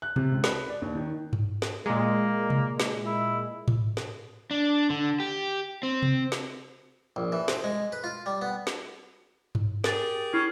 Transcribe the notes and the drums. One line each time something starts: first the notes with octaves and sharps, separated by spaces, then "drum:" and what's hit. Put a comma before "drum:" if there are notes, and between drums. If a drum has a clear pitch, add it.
F#6
C3, drum: tom C3
C#2
B4, drum: snare
D5
D#2
D#3
drum: tom G2
drum: snare
A#2 G#3 A#3
drum: tom C3
drum: snare
E4
drum: tom G#2
drum: snare
D4
D3
G4
C4
drum: tom C3
drum: snare
A#1
E3
C5, drum: snare
G#3
B4
F4
G3
B3
drum: snare
drum: tom G2
G4 G#4 A#4 A6, drum: snare
C#4 E4 C7